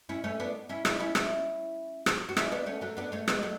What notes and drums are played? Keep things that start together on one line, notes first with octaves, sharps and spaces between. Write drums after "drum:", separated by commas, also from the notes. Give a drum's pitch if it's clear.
C#4 E4
A3 C#4
B3 D4
C#4 E4
C#4 E4, drum: rim click
C#4 E4
C#4 E4, drum: rim click
drum: rim click
F#4
C#4 E4, drum: rim click
B3 D4
A3 C#4
F#3 A3
B3 D4
A3 C#4
G#3 B3, drum: rim click
F#3 A3